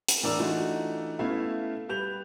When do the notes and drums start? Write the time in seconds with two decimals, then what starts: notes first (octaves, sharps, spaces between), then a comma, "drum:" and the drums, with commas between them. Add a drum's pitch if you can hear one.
0.08 drum: hi-hat
0.23 A2 E3 D4 A#4 D5 E6
0.39 E3 A3 D4 D#4 F4 F#4
1.19 A3 B3 C#4 E4 E5 F5
1.89 G3 B4 G6 F7